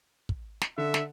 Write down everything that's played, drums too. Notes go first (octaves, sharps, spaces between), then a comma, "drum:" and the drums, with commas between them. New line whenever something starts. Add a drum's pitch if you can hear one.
drum: kick
drum: snare
D3 E5
drum: snare